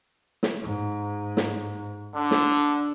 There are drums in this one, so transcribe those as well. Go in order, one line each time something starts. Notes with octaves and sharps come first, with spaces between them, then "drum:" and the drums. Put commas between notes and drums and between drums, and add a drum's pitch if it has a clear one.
drum: snare
G#2
drum: snare
D3 D4
drum: snare